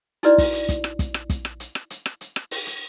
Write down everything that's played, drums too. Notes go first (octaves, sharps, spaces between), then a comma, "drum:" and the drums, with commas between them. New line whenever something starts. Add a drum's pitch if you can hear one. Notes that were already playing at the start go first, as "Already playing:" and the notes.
D#4 E4 F#4 B4 D5, drum: hi-hat
drum: kick, open hi-hat
drum: hi-hat
drum: kick, hi-hat
drum: rim click
drum: kick, hi-hat
drum: rim click
drum: kick, hi-hat
drum: rim click
drum: hi-hat
drum: rim click
drum: hi-hat
drum: rim click
drum: hi-hat
drum: rim click
drum: open hi-hat
drum: hi-hat